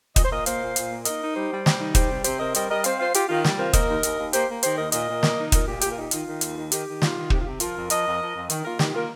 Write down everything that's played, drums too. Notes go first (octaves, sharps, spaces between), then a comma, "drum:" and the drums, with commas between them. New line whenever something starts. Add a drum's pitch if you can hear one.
A#2 D#5, drum: kick, hi-hat
C5
A#2 A#4 D#5
A#3 C5 F5, drum: hi-hat
A#2
A#2, drum: hi-hat
A#3
D#4 A#4 D#5, drum: hi-hat
D#4
G3 G4 C5
G3
G3, drum: snare
D#4
G3 G4 C5, drum: kick, hi-hat
C3
C3 G4 C5, drum: hi-hat
C4 A#4 D#5
G3 A#4 D#5, drum: hi-hat
G3 A#4 D#5
C4 C5 F5, drum: hi-hat
F4 C5 F5
F4 G4, drum: hi-hat
D#3 F4
G3, drum: snare
C4 F4 A#4
A#3 A#4 D#5, drum: kick, hi-hat
D#2
D#2, drum: hi-hat
D#2
A#3 G4 C5, drum: hi-hat
A#3
D#3 G4 C5, drum: hi-hat
D#2 A#4 D#5
A#2 A#4 D#5, drum: hi-hat
A#2
A#3, drum: snare
D#4
A#2 A#4 D#5, drum: kick, hi-hat
A#2 G4
A#2 G4, drum: hi-hat
F4 A#4
D#4 G4
D#3 F4, drum: hi-hat
D#3
D#2, drum: hi-hat
D#3
D#3 G4, drum: hi-hat
D#3
F4, drum: snare
D#3
C3 G4, drum: kick
F4
C3 G4
F3 F4 A#4, drum: hi-hat
F2
F3 A#4 D#5, drum: hi-hat
F2
F3
F2
D#3, drum: hi-hat
A#3 F4 A#4
D#3 G4, drum: snare
A#3 F4 A#4